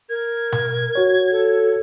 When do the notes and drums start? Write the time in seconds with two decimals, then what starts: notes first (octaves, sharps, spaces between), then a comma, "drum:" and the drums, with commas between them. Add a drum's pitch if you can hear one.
0.09 A#4 G#6
0.52 drum: tom B2
0.95 F#4 C#5
1.31 A4